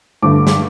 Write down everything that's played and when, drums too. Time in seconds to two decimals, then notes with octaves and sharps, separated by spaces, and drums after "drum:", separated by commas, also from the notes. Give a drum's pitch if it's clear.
0.22 G2 D3 A3 D6
0.47 drum: snare